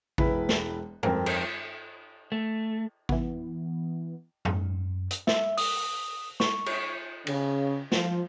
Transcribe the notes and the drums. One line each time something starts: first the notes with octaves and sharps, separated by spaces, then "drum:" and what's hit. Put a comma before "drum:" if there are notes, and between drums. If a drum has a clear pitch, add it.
E1 E4 B4, drum: kick A1
drum: snare
F2 C4 A#4, drum: tom
drum: cymbal
A3
E3 B3, drum: kick A1
F#2, drum: tom G#2
drum: hi-hat
E5, drum: snare
D#6, drum: open hi-hat
C#6, drum: snare
drum: cymbal
C#3, drum: cymbal
F3, drum: snare